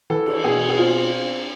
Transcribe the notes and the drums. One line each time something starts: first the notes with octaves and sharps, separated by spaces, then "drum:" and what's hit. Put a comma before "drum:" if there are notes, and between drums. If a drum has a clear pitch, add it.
E3 A4
drum: cymbal
B2 G#4
G#4
C4 F4